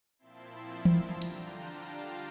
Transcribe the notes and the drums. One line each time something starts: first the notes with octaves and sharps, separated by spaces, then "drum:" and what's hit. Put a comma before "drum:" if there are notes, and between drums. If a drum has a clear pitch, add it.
A#2 F3 C4 E4 A5 C6
A5 C6
drum: tom E3
D3 G3 D4 F4 G5 A#5
drum: hi-hat
F5 A5